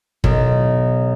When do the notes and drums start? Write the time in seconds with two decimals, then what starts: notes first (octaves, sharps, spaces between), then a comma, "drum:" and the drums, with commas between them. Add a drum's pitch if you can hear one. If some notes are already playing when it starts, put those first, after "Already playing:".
0.24 B1, drum: kick